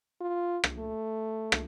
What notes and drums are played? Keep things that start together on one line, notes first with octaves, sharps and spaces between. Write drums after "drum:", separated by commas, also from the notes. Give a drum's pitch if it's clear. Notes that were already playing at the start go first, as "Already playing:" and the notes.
F4
drum: rim click
A3
drum: rim click